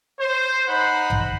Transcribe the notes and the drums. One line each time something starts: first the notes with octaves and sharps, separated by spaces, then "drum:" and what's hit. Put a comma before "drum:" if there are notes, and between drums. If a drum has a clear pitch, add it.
C5
D#4 C5 F#5 B5
drum: tom A#1